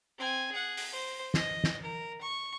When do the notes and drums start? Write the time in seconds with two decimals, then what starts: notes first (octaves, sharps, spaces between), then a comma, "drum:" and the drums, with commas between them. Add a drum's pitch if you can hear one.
0.19 C4 G#5
0.52 G#4 F#5
0.77 drum: open hi-hat
0.92 C5
1.34 D#5, drum: snare
1.64 drum: snare
1.82 A#4
2.21 C#6